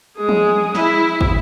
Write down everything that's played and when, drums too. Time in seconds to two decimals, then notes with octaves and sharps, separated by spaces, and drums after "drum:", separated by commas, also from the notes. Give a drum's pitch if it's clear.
0.17 G#3 G#4
0.29 drum: tom
0.75 E4, drum: snare
1.21 drum: kick